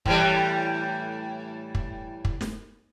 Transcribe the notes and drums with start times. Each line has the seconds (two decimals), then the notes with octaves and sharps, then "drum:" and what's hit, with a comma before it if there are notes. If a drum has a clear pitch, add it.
0.06 A2 E3 G3, drum: kick
1.75 drum: kick
2.25 drum: kick
2.41 drum: snare